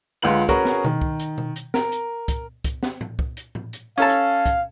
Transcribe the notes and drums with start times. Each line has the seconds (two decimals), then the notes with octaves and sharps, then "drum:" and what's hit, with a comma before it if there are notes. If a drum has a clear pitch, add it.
0.22 C#2 D3 F4 B4 F#7
0.49 C#4 F#4 G#4 A#4 B4, drum: kick, hi-hat
0.65 drum: snare
0.84 D#3, drum: tom B2
1.02 drum: kick
1.20 drum: hi-hat
1.38 drum: tom B2
1.56 drum: hi-hat
1.74 A#4, drum: snare
1.92 drum: hi-hat
2.28 drum: kick, hi-hat
2.64 drum: kick, hi-hat
2.83 drum: snare
3.01 drum: tom A2
3.19 drum: kick
3.37 drum: hi-hat
3.55 drum: tom A2
3.73 drum: hi-hat
3.98 C#4 A4 F5 A5
4.09 drum: hi-hat
4.46 drum: kick, hi-hat